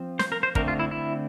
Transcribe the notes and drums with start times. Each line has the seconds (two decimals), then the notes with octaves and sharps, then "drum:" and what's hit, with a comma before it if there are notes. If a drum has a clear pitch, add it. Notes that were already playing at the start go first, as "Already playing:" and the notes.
Already playing: F3 C4
0.19 C5, drum: snare
0.32 A#4
0.43 C5
0.55 D3 A3 C4 A#4, drum: kick
0.68 F4
0.79 E4
0.91 E4